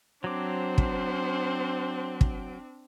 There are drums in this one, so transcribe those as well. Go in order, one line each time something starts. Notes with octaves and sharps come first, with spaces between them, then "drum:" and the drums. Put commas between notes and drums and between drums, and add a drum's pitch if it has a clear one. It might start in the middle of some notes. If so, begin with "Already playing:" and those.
F#3 C4 D4 C5 D6
drum: kick
drum: kick